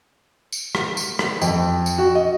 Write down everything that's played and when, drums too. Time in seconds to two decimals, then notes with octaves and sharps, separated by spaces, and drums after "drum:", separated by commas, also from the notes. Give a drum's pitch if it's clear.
0.52 drum: tambourine
0.75 drum: rim click
0.97 drum: tambourine
1.19 drum: rim click
1.42 F2, drum: tambourine
1.86 drum: tambourine
1.98 F#4
2.15 D#5